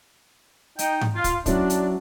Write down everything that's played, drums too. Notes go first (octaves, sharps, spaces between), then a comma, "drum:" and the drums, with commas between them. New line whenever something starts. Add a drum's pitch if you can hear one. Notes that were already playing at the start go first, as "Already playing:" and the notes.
D#4 G5, drum: hi-hat
drum: tom G#2
F4
drum: kick, hi-hat
F#3 C#4 D4 E4, drum: kick, hi-hat
drum: hi-hat